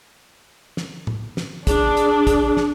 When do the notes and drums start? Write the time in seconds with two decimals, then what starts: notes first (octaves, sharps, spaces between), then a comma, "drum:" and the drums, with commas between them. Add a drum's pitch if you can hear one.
0.77 drum: snare
1.07 drum: tom A2
1.37 drum: snare
1.67 D4 G#4, drum: kick, hi-hat
1.97 drum: hi-hat
2.27 drum: kick, hi-hat
2.57 drum: snare